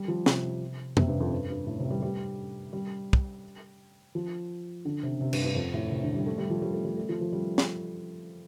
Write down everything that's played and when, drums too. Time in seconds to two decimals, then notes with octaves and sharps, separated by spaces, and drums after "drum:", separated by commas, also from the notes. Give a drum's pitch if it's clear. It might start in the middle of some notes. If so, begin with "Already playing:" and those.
Already playing: G3
0.08 F3
0.26 C3, drum: snare
0.97 C3, drum: tom F2
1.08 G2
1.20 F2
1.31 G2
1.50 G2
1.67 A2
1.79 C3
1.90 G3
2.02 G3
2.73 G3
3.13 drum: kick
4.15 F3
4.85 D3
5.03 C3
5.21 C3
5.33 G2, drum: cymbal
5.44 G2
5.55 F2
5.74 A2
5.91 C3
6.03 D3
6.14 G3
6.26 A3
6.38 G3
6.50 F3
6.62 G3
6.73 A3
6.85 G3
6.97 A3
7.09 F3
7.21 F3
7.33 G3
7.58 drum: snare